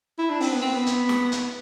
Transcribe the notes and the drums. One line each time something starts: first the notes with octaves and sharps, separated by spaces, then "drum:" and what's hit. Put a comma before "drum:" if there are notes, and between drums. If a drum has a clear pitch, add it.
E4
D4
C4, drum: open hi-hat
B3
C4
B3
drum: hi-hat
drum: snare
drum: hi-hat